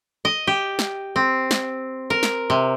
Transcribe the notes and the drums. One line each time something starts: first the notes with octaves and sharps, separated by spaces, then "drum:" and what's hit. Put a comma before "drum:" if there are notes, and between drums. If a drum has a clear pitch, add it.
D#5
G4
drum: snare
C4
drum: snare
A#4
drum: snare
C3